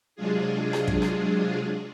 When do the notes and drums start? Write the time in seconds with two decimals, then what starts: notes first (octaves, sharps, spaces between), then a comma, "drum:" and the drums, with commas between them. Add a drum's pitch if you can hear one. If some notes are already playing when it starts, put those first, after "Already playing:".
0.16 C3 F#3 G#3 D4 F4 G#4
0.73 drum: rim click
0.87 drum: kick
1.02 drum: rim click